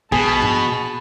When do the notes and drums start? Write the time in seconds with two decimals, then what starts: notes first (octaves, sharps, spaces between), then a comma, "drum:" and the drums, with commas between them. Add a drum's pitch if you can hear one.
0.12 B2 G#4 A5 B5, drum: kick
0.42 drum: tom G2